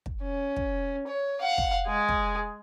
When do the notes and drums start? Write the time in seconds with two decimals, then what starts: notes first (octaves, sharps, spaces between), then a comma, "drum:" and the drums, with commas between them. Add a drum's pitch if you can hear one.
0.06 drum: kick
0.23 C#4
0.56 drum: kick
1.07 C#5
1.41 F5 F#5
1.58 drum: kick
1.87 G#3 G#4
2.09 drum: kick